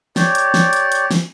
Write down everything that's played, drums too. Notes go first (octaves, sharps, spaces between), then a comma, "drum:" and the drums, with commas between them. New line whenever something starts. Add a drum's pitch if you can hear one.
G4 C#5 D5, drum: snare
drum: hi-hat
drum: snare
drum: hi-hat
drum: hi-hat
drum: snare